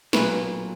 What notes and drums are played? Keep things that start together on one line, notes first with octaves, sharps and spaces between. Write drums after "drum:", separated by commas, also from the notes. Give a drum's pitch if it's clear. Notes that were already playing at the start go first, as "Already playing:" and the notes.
B1 A#2 F#3 B4, drum: snare